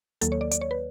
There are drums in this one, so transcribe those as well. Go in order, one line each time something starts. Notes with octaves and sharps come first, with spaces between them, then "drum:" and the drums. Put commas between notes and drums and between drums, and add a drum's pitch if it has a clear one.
D#2 D#3 F#3 A#3 A4, drum: hi-hat
C#5
D5
D5, drum: hi-hat
C#5
B4